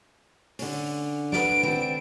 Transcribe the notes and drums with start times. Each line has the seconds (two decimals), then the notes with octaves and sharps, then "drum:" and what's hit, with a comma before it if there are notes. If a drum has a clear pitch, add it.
0.59 D3 C#4, drum: open hi-hat
1.32 D4 F#4 B4 D7, drum: snare
1.63 C4 D4, drum: tom D#3